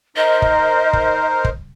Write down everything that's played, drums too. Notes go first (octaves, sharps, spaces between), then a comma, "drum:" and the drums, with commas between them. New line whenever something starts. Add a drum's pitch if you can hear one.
D#4 A#4 C5 D#5
drum: kick
drum: kick
drum: kick